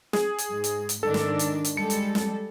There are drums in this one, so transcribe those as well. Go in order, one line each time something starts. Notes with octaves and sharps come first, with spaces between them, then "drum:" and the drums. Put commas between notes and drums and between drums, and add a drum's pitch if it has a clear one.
G#4, drum: snare
drum: hi-hat
G#2
drum: hi-hat
drum: hi-hat
G#2 D#3 D4 A4
drum: snare
drum: hi-hat
drum: hi-hat
G3 G#3 A4 C#7
drum: hi-hat
drum: snare